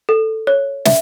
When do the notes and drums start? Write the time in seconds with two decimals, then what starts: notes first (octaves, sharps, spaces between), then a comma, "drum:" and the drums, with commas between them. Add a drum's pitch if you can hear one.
0.09 A4
0.47 C#5
0.86 E5, drum: snare